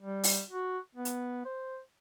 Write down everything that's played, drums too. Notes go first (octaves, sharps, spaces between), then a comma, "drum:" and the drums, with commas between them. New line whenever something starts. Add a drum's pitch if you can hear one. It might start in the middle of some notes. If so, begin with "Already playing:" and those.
G3
drum: open hi-hat
F#4
B3
drum: hi-hat
C5